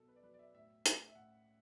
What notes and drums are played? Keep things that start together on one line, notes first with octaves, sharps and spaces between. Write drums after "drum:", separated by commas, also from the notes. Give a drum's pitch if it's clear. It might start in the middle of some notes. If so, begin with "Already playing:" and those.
Already playing: B2 F#3 A4
B4
D5
F#3 B4
D5
E5
A2 E5
A2, drum: hi-hat
E5
A2 F#5